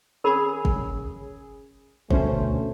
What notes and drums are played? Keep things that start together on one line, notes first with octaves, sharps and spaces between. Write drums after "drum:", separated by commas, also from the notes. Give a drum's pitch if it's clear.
C#4 G#4 A#4 B5
drum: kick
D2 B2 A3 C#4 C5, drum: kick